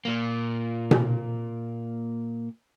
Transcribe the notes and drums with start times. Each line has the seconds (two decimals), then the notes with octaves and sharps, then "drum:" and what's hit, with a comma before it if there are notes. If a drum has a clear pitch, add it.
0.05 A#2 A#3
0.91 drum: tom B2